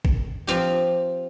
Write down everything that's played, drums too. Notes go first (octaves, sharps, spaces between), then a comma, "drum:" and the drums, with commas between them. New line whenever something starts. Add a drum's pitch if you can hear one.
drum: kick A1
F3 C4 F4 G4